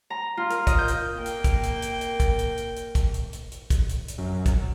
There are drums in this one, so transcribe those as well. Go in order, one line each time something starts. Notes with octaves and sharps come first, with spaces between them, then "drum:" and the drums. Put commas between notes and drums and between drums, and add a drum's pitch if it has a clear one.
A#5
F4
A#4, drum: hi-hat
D#5, drum: kick, hi-hat
G6
drum: hi-hat
A#3 G5
drum: hi-hat
drum: kick, hi-hat
drum: hi-hat
drum: hi-hat
drum: hi-hat
drum: kick, hi-hat
drum: hi-hat
drum: hi-hat
drum: hi-hat
drum: kick, hi-hat
drum: hi-hat
drum: hi-hat
drum: hi-hat
drum: kick, hi-hat
drum: hi-hat
drum: hi-hat
F#2
drum: kick, hi-hat